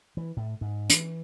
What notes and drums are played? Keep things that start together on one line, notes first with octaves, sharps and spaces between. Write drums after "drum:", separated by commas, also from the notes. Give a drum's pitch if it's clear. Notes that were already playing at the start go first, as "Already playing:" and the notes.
E3
A2
G#2
E3, drum: hi-hat